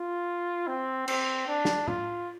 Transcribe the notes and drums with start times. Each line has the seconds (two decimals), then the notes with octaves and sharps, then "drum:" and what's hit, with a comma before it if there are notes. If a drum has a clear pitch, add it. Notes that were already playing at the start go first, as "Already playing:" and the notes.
Already playing: F4
0.67 C4
1.08 C4, drum: cymbal
1.48 D4
1.65 drum: snare
1.88 F4, drum: tom A2